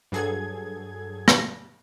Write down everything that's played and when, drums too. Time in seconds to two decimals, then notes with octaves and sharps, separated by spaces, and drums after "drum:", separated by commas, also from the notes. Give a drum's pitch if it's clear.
0.12 G2 F#3 G#4 A4 G#6
1.28 drum: rim click